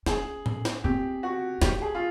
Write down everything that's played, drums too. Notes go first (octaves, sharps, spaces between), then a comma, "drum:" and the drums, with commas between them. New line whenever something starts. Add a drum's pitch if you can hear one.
C#4 G#4, drum: snare
drum: tom A2
drum: snare
C4 G4
F#4
D4 G4, drum: snare
G#4
F4